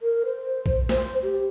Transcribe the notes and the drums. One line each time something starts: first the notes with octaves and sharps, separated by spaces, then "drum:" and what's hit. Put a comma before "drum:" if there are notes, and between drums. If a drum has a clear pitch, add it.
A#4
C5
drum: kick B1
C5, drum: snare
G4